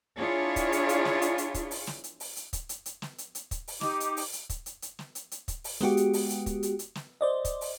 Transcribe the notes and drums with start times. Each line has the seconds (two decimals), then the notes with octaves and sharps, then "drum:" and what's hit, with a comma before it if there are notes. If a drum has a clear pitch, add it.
0.18 D4 E4 F4 G#4 C#5
0.56 drum: kick, hi-hat
0.72 drum: hi-hat
0.89 drum: hi-hat
1.05 drum: snare
1.22 drum: hi-hat
1.38 drum: hi-hat
1.54 drum: kick, hi-hat
1.71 drum: open hi-hat
1.87 drum: snare
2.04 drum: hi-hat
2.20 drum: open hi-hat
2.36 drum: hi-hat
2.53 drum: kick, hi-hat
2.69 drum: hi-hat
2.86 drum: hi-hat
3.02 drum: snare
3.18 drum: hi-hat
3.35 drum: hi-hat
3.51 drum: kick, hi-hat
3.68 drum: open hi-hat
3.81 D#4 G4 D6, drum: snare
4.00 drum: hi-hat
4.17 drum: open hi-hat
4.33 drum: hi-hat
4.50 drum: kick, hi-hat
4.66 drum: hi-hat
4.82 drum: hi-hat
4.99 drum: snare
5.15 drum: hi-hat
5.31 drum: hi-hat
5.48 drum: kick, hi-hat
5.64 drum: open hi-hat
5.81 G#3 B3 F#4 G4, drum: snare
5.97 drum: hi-hat
6.13 drum: open hi-hat
6.30 drum: hi-hat
6.46 drum: kick, hi-hat
6.63 drum: hi-hat
6.79 drum: hi-hat
6.95 drum: snare
7.21 C5 D5 D#5
7.45 drum: kick, hi-hat
7.61 drum: open hi-hat